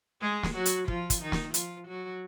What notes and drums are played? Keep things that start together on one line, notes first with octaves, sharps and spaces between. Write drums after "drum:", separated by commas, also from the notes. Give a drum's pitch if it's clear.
G#3 G#4
drum: snare
F#3 F#4
drum: hi-hat
F3 F4, drum: kick
drum: kick, hi-hat
D#3 D#4
drum: snare
F3 F4, drum: hi-hat
F#3 F#4